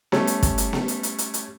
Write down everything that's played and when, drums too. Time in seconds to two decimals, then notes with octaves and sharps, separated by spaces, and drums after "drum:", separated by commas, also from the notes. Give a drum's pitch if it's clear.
0.12 G3 A3 C#4, drum: snare B3
0.27 drum: hi-hat
0.43 drum: kick, hi-hat
0.58 drum: hi-hat
0.73 drum: snare B3
0.88 drum: hi-hat
1.03 drum: hi-hat
1.18 drum: hi-hat
1.34 drum: hi-hat